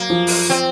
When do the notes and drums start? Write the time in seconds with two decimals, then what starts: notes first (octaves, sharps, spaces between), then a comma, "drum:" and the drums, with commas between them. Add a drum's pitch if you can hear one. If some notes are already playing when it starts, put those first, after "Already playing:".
Already playing: F#3 A#3
0.10 F3
0.27 drum: open hi-hat
0.50 C4